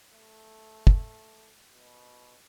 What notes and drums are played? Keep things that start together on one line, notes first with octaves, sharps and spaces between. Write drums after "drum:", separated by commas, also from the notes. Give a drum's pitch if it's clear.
A3
drum: kick
B2